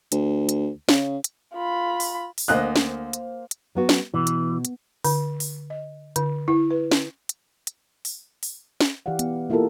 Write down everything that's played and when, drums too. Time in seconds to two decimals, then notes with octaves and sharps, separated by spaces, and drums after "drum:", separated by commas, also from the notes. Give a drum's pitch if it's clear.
0.12 D2, drum: hi-hat
0.49 drum: hi-hat
0.89 C#3, drum: snare
1.24 drum: hi-hat
1.54 F4 B5
2.00 drum: open hi-hat
2.38 drum: open hi-hat
2.48 D2 A#3 C5 D#5 F5 F#6
2.76 drum: snare
3.13 drum: hi-hat
3.51 drum: hi-hat
3.75 F#3 B3 F#4
3.89 drum: snare
4.14 B2 E3
4.27 drum: hi-hat
4.65 drum: hi-hat
5.04 D3, drum: open hi-hat
5.40 drum: open hi-hat
5.70 D#5
6.16 D3, drum: hi-hat
6.48 E4
6.70 B4
6.91 drum: snare
7.29 drum: hi-hat
7.67 drum: hi-hat
8.05 drum: open hi-hat
8.43 drum: open hi-hat
8.81 drum: snare
9.06 E3 G4 D5 F5 F#5
9.19 B3, drum: hi-hat
9.50 A#3 E4 F4 G4 A4 A#4